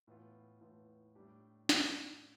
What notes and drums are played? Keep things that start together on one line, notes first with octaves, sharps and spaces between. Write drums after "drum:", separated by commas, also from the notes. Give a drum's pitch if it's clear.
A2 E3 B3 F4
A2 E3 B3 F4
A2 G3 D4 G4
drum: snare